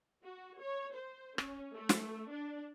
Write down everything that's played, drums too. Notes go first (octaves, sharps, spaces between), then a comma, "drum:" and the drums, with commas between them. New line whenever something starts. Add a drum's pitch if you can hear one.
F#4
C#5
C5
C#4, drum: rim click
A3
drum: snare
D4